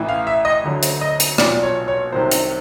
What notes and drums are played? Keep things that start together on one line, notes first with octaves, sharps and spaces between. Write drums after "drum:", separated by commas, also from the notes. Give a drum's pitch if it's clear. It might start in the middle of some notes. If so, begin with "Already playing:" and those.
Already playing: A1 A2 E3
F5
E5
D#5
D2 D3 F#3
drum: hi-hat
D#5
drum: hi-hat
B1 A#2 F#3 D5, drum: rim click
C#5
C#5
C2 C3 D#3 F#3 C5
drum: hi-hat